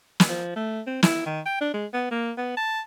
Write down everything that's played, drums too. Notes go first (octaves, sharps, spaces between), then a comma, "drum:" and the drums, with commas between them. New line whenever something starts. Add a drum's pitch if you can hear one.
drum: snare
F3
A3
C4
E4, drum: snare
D#3
G5
D4
G#3
B3
A#3
B3
A5